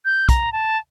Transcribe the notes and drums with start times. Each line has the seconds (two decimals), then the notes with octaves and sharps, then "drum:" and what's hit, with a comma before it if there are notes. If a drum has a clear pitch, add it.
0.05 G6
0.29 A#5, drum: kick, hi-hat
0.53 A5